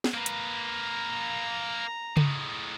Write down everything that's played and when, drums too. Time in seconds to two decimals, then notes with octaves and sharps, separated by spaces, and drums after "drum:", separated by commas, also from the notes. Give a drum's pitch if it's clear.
0.04 drum: snare
0.14 A#3 B4 A#5
0.26 drum: hi-hat
2.17 A2 G#3, drum: tom C#3